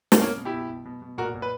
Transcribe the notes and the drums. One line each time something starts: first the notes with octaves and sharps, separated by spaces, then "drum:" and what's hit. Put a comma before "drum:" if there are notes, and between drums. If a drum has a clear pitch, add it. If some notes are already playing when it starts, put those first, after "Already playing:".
drum: snare
B2 A#3 C#4
B2
E4 G4
B2
B2
B2
B2
A#2 F#4 A#4
A#2
B4